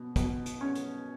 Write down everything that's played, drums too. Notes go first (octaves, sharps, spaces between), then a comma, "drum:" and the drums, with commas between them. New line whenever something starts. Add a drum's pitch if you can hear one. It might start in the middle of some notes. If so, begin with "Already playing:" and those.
Already playing: B2
B2, drum: kick, hi-hat
drum: hi-hat
C#4
drum: hi-hat